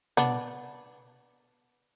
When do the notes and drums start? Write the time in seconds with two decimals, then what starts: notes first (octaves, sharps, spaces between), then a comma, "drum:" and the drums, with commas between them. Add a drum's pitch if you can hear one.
0.17 B3 D4, drum: tom